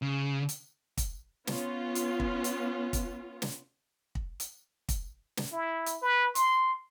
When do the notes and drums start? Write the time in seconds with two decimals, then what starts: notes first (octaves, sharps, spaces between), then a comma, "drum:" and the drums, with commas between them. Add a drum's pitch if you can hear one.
0.02 C#3
0.49 drum: hi-hat
0.98 drum: kick, hi-hat
1.47 B3 C#4 F4, drum: snare
1.95 drum: hi-hat
2.20 drum: kick
2.44 drum: hi-hat
2.93 drum: kick, hi-hat
3.42 drum: snare
4.15 drum: kick
4.40 drum: hi-hat
4.89 drum: kick, hi-hat
5.37 drum: snare
5.52 E4
5.86 drum: hi-hat
6.02 B4
6.35 C6, drum: hi-hat